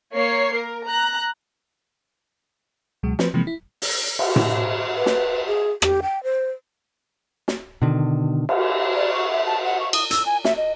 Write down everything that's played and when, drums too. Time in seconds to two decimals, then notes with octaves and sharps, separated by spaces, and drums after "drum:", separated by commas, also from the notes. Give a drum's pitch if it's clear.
0.14 A#3 C#5 C7
0.54 A#4
0.87 A#5 F#6
3.03 C#2 B2 F#3 G#3
3.19 F3 C4 B4, drum: snare
3.34 C3 E3 F3 G#3 A#3 C4
3.47 E4
3.82 drum: open hi-hat
4.19 drum: cymbal
4.36 drum: tom A2
4.97 B4
5.06 drum: snare
5.47 G#4
5.82 G4, drum: rim click
6.03 G5
6.24 C5
7.48 drum: snare
7.82 B2 D3 D#3
8.49 drum: cymbal
8.96 D5
9.13 C#6
9.32 E5
9.47 A5
9.65 F#5
9.80 C#6
9.93 D#6, drum: cymbal
10.11 E6, drum: hi-hat
10.26 G#5
10.45 E5, drum: snare
10.57 D#5